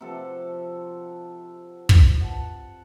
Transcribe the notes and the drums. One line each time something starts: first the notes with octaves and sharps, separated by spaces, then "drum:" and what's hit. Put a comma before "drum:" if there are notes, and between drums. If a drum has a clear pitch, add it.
C3 F3 F#4 A4
drum: kick
F#5 A5